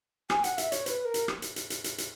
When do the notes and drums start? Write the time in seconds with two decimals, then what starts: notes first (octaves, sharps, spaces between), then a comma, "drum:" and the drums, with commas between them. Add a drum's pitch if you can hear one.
0.30 G#5, drum: rim click
0.44 F#5, drum: hi-hat
0.58 E5, drum: hi-hat
0.72 C#5, drum: hi-hat
0.86 B4, drum: hi-hat
1.05 A#4
1.14 drum: hi-hat
1.28 drum: rim click
1.42 drum: hi-hat
1.56 drum: hi-hat
1.70 drum: hi-hat
1.84 drum: hi-hat
1.98 drum: hi-hat